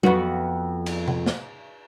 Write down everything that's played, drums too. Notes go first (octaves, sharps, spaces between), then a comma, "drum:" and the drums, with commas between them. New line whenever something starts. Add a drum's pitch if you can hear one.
F2 B3 F#4, drum: tom F#3
drum: cymbal
drum: tom C3
drum: snare